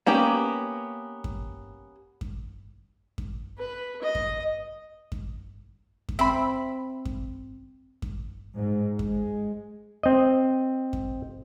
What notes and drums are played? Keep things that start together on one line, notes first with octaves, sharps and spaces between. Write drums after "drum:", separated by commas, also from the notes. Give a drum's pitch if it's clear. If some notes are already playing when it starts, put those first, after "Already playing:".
A#3 B3 C#4 G4
drum: kick F#2
drum: kick F#2
drum: kick F#2
B4
D#5
drum: kick F#2
drum: kick F#2
drum: kick F#2
C4 E5 B5
drum: kick F#2
drum: kick F#2
G#2
G#3, drum: kick F#2
C4 D#5
drum: kick F#2